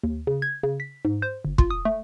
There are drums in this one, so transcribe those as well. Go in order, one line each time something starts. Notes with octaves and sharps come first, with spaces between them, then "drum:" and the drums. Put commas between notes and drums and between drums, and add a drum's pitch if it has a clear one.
D#2
C#3
G#6
C#3
B6
G#2
C5
G1
F4, drum: kick
D#6
A3